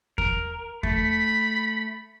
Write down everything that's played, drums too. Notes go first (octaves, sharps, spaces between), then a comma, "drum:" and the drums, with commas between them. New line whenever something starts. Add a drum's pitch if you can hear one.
A#4, drum: kick E2
A3 B5, drum: kick E2